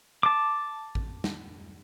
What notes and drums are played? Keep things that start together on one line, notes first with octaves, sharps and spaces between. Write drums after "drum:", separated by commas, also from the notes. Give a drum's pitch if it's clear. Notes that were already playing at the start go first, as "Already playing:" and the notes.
A5 D6
drum: kick A1
drum: snare